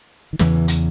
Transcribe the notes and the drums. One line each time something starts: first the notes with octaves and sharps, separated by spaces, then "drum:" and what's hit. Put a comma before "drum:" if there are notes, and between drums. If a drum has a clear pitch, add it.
D#3
E2 C#3 E3, drum: snare
drum: hi-hat